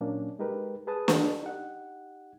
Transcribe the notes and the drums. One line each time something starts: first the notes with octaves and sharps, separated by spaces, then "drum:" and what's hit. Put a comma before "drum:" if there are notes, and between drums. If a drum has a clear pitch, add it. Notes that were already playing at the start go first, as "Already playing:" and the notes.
A#2 F#3 A#3 C#4 D4
G#3 D#4 G4 A#4 B4
G#4 B4 A5 D#6
drum: snare
D#4 G4 F#5